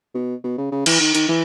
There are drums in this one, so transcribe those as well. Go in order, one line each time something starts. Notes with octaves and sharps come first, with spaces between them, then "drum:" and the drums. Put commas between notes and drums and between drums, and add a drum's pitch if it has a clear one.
B2
B2
C#3
C#3
E3, drum: cymbal
D#3
D#3, drum: hi-hat
E3